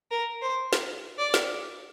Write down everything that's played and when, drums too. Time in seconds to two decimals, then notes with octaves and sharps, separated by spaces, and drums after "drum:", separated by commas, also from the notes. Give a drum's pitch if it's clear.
0.11 A#4
0.42 C5
0.73 drum: snare
1.18 D5
1.34 drum: snare